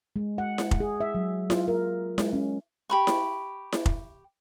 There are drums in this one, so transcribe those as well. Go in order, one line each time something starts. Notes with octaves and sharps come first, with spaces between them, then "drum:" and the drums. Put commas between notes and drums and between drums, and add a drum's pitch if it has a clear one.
G#3
F#5
drum: snare E4
drum: kick F1
G#4
E5
F#3
F4, drum: snare E4
A#4
G#3, drum: snare E4
C#4
G4 B5 C#6
drum: snare E4
drum: snare E4
drum: kick F1